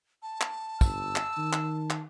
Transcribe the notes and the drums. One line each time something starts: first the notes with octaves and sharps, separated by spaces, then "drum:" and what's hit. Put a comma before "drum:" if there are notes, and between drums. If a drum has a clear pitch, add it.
A5
drum: clap
G1 E6, drum: kick, tambourine
drum: clap
D#3
drum: clap
drum: clap